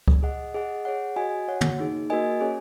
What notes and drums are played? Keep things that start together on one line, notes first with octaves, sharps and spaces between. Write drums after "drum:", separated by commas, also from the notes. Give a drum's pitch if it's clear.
drum: kick C#2
G#4 D#5 F#5
G#4 D#5 F#5
G#4 C#5 F#5
F#4 D#5 G#5
F#4 C#5 F#5
drum: tom
A#3 D#4 G#4
A#3 F#4 A#4 D#5 G#5
C#4 G#4 C#5 G#5